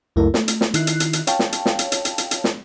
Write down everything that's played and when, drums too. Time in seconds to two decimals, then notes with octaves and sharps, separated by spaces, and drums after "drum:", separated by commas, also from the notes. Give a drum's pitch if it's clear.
0.16 C#2 F#2 A3 E4 A#4
0.34 A3, drum: snare
0.48 drum: hi-hat
0.61 drum: snare
0.74 D#3 E4 F#6 C7, drum: hi-hat
0.87 drum: hi-hat
1.00 drum: hi-hat
1.13 drum: hi-hat
1.27 C#5 F5 G5 A5, drum: hi-hat
1.39 drum: snare
1.52 drum: hi-hat
1.66 drum: snare
1.79 drum: hi-hat
1.92 drum: hi-hat
2.05 drum: hi-hat
2.18 drum: hi-hat
2.31 drum: hi-hat
2.44 drum: snare